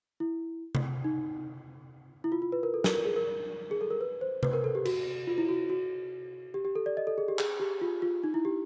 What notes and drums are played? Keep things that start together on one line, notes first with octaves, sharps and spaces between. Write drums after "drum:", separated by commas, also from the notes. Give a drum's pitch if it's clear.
E4
drum: tom C3
D#4
E4
F4
F4
B4
A#4
A4
A#4, drum: snare
A#4
G#4
A#4
G#4
A4
A#4
B4
C5
B4, drum: tom C3
A#4
A4
G4
F#4, drum: cymbal
F4
E4
F#4
F#4
G4
G4
A4
D5
D#5
A4
G#4
G4
G#4, drum: clap
G4
F4
F4
D#4
E4
G4